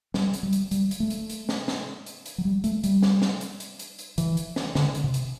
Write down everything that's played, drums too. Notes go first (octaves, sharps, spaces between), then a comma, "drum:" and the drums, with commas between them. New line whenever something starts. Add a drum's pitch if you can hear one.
G3, drum: snare
drum: hi-hat
G3
drum: hi-hat
G3, drum: hi-hat
drum: hi-hat
A3
drum: hi-hat
drum: hi-hat
drum: snare
drum: snare
drum: hi-hat
drum: hi-hat
F#3
G3
A3, drum: hi-hat
G3, drum: hi-hat
drum: snare
drum: snare
drum: hi-hat
drum: hi-hat
drum: hi-hat
drum: hi-hat
E3, drum: hi-hat
drum: hi-hat
drum: snare
D3, drum: snare
drum: hi-hat
C3
drum: hi-hat